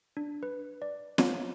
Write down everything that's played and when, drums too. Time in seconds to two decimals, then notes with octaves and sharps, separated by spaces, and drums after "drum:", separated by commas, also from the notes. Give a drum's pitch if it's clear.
0.17 D4
0.43 B4
0.82 D5
1.18 C#5, drum: snare